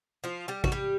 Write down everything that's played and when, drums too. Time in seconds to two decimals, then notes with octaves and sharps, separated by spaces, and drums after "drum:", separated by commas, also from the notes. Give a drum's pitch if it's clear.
0.24 F3 F4
0.48 G3 G4
0.64 F#4, drum: kick
0.72 G3 G4